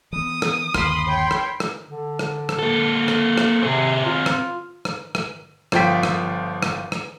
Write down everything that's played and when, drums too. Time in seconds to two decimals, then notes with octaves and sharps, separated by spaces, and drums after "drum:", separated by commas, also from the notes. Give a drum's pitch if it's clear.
0.13 E3 B3 D#6
0.42 drum: rim click
0.74 G1 D#2 D3 B5 C6, drum: rim click
1.07 C#5 G5
1.31 drum: rim click
1.60 drum: rim click
1.88 D3
2.19 drum: rim click
2.49 drum: rim click
2.59 A#3 A4
3.08 drum: rim click
3.38 drum: rim click
3.62 C3 C4 G#4
4.06 F4
4.26 drum: rim click
4.85 drum: rim click
5.15 drum: rim click
5.72 G1 F3 F4 G5 B6, drum: rim click
6.03 drum: rim click
6.63 drum: rim click
6.92 drum: rim click